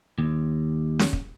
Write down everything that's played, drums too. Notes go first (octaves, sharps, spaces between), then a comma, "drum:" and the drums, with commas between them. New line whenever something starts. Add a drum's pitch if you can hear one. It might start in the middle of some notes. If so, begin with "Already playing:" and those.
D#2
drum: snare C#4
drum: kick